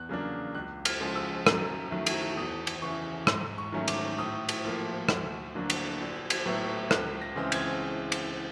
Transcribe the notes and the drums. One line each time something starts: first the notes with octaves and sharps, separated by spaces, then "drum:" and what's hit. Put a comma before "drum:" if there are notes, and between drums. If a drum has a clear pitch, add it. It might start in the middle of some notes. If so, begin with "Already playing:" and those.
Already playing: E2 F#6
C#3 F#3 A#3 D4
C#2 F#6
F6, drum: cymbal
C#3 F3 G#3
E6
F#2, drum: rim click
D#3 F#3 A3
drum: cymbal
E2 D#6
drum: cymbal
C#3 E3 C#6
G#2 C6, drum: rim click
C#6
D#3 F#3 A3 C#4
D6, drum: cymbal
A2 D#6
drum: cymbal
F3 A#3
D2, drum: rim click
D3 F#3 A#3 D4
drum: cymbal
A#1
drum: cymbal
A2 F#3 B3 E4
C#2 F#6, drum: rim click
A#6
C#3 E3 G#3 C4
G#6, drum: cymbal
drum: cymbal